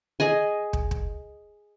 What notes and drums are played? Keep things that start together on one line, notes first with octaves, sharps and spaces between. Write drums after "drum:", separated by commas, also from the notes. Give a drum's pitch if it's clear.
G#4 D#5 G#5
drum: kick
drum: kick